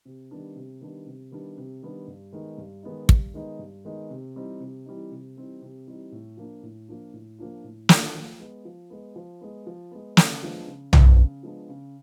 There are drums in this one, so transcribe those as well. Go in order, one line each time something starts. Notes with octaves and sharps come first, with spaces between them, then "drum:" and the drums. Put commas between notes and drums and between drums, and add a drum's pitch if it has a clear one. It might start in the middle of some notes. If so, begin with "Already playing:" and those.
C3
D#3 G3 B3 D4
C3
D#3 G3 B3 D4
C3
D#3 G3 B3 D4
C3
D#3 G3 B3 D4
G2
D#3 G#3 B3 D#4
G2
D#3 G#3 B3 D#4
G2, drum: kick
D#3 G#3 B3 D#4
G2
D#3 G#3 B3 D#4
C3
E3 G3 C4 D#4
C3
E3 G3 C4 D#4
C3
E3 G3 C4 D#4
C3
E3 G3 C4 D#4
A2
F3 A#3 D4 F4
A2
F3 A#3 D4 F4
A2
F3 A#3 D4 F4
A2
F3 A#3 D4 F4, drum: snare
F3
G#3 B3
F3
G#3 B3
F3
G#3 B3
F3
G#3 B3
C#3, drum: snare
F3 G#3 B3 D4
C#3
F3 G#3 B3 D4, drum: tom B1
C#3
F3 G#3 B3 D4
C#3